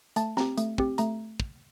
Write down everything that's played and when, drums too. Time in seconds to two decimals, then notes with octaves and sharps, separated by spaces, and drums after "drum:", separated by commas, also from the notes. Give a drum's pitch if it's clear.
0.16 A3 A5, drum: hi-hat
0.37 C4 G4 A#5, drum: snare
0.58 A3, drum: hi-hat
0.78 C4 G4, drum: kick
0.98 A3 A#5, drum: hi-hat
1.40 drum: kick